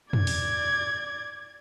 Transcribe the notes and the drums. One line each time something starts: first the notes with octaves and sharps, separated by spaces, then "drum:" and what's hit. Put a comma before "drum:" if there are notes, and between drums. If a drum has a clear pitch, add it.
D5 G#6, drum: tom
drum: open hi-hat